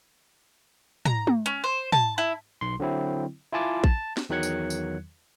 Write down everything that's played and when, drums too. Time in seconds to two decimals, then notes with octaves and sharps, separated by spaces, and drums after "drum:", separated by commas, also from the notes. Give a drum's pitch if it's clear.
1.05 A#5, drum: tom
1.27 drum: tom
1.46 C#4, drum: hi-hat
1.64 C5
1.92 A5, drum: tom
2.18 E4
2.61 B1 C6
2.80 D3 F#3 C4 E4
3.53 E4 F4 G#5 A5 D6
3.84 A5, drum: kick
4.17 drum: snare
4.29 E2 D#3 F#3 F#6 G#6 C#7
4.43 drum: tambourine
4.70 drum: tambourine